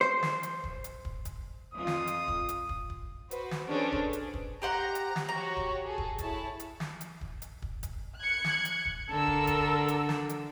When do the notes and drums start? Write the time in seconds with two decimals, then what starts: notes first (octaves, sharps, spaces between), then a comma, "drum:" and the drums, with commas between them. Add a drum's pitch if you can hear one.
0.01 C5
0.23 drum: snare
0.43 drum: hi-hat
0.64 drum: kick
0.84 drum: hi-hat
1.05 drum: kick
1.25 drum: kick, hi-hat
1.73 F2 F4 D#6
1.87 drum: snare
2.07 drum: hi-hat
2.28 drum: kick
2.49 drum: hi-hat
2.69 drum: kick
2.90 drum: kick
3.31 F#4 B4 C5, drum: hi-hat
3.51 drum: snare
3.68 C#4 D4 G#4 A4 B4 C5
3.92 drum: kick
4.13 drum: hi-hat
4.33 drum: kick
4.62 G4 C5 F#5 A#5
4.95 drum: hi-hat
5.16 drum: snare
5.29 F#4 G4 C#5 A#5
5.57 drum: kick
5.84 G#4 A4
5.98 drum: kick
6.18 E4 C#5 A5, drum: kick, hi-hat
6.60 drum: hi-hat
6.80 drum: snare
7.01 drum: hi-hat
7.21 drum: kick
7.42 drum: hi-hat
7.62 drum: kick
7.83 drum: kick, hi-hat
8.19 F#6 G#6 C#7
8.44 drum: snare
8.65 drum: hi-hat
8.86 drum: kick
9.11 D3 A4 A#4 E6
9.27 drum: kick
9.47 drum: kick, hi-hat
9.88 drum: hi-hat
10.09 drum: snare
10.29 drum: hi-hat